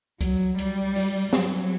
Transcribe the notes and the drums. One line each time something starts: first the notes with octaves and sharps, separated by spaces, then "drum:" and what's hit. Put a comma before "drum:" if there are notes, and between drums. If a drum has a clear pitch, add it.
F#3, drum: kick C2, hi-hat
G3, drum: hi-hat
drum: open hi-hat
F#3, drum: snare